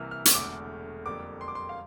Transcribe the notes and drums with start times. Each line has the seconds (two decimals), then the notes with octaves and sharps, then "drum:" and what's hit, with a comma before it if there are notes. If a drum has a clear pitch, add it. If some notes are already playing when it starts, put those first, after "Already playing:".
Already playing: C2 C3 E3 A#3 E6 F6
0.11 F6
0.25 E6, drum: hi-hat
0.35 E1 E2 D3 A3 D6
1.05 F2 D3 G3 A#3 D6
1.41 C6
1.48 D6
1.55 C6
1.69 F5